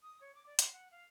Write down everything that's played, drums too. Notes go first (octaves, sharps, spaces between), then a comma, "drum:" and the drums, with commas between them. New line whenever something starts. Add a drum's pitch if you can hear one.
D#6
C#5
D6
D5
C6, drum: hi-hat
F#5
F5